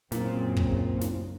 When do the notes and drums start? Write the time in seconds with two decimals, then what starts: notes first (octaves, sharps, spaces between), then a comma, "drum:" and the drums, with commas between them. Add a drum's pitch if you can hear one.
0.12 F#2 A#2 C#3 C4, drum: snare
0.57 drum: kick
1.01 drum: snare